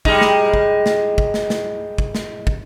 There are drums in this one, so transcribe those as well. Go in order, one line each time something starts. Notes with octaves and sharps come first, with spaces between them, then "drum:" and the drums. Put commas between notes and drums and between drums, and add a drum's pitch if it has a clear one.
G3 G#3 D#4, drum: kick
drum: snare
drum: kick
drum: snare
drum: kick
drum: snare
drum: snare
drum: kick
drum: snare
drum: kick